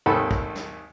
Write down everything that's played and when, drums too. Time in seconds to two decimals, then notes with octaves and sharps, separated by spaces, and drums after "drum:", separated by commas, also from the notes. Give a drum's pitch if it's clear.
0.06 G#1 D#2 D#3 A4 B5
0.31 drum: kick
0.55 drum: snare